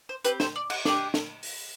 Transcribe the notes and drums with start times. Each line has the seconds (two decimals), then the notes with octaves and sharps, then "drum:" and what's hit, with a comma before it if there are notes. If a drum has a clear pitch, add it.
0.09 C5
0.25 C4 G4 B4, drum: hi-hat
0.40 C5, drum: snare
0.56 D5
0.70 F#5, drum: cymbal
0.85 D4 G4 D5, drum: snare
1.14 drum: snare
1.43 drum: open hi-hat